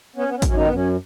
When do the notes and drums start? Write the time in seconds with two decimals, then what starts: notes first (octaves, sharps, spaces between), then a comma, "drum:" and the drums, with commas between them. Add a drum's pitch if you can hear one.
0.16 B3 C#4
0.28 B3
0.36 C#4
0.42 F#2, drum: kick, hi-hat
0.47 C#4
0.55 D#3 D#4
0.65 F#2 B3
0.75 C#4